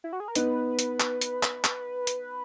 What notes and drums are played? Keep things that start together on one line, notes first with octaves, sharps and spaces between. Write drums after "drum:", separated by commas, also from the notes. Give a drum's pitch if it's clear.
E4
F#4
G#4
A#4
B3 D#4 B4, drum: hi-hat
drum: hi-hat
drum: clap
drum: hi-hat
drum: clap
drum: clap
drum: hi-hat